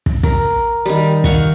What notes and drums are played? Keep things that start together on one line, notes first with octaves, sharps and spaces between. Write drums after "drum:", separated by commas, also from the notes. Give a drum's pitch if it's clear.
drum: kick
A#4, drum: kick
D#3 G3
D#3 F5 F#5 C#6, drum: kick